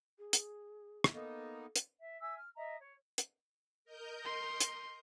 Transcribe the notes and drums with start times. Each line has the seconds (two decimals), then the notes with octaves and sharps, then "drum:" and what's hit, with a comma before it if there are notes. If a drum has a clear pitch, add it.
0.18 G#4
0.33 drum: hi-hat
1.04 drum: rim click
1.14 A#3 B3 D#4 A4
1.76 drum: hi-hat
2.00 E5
2.20 E5 G#5 E6
2.37 F6
2.55 D#5 E5 A#5
2.78 C#5
3.18 drum: hi-hat
3.85 A#4 D#5 G6
4.25 C6
4.60 drum: hi-hat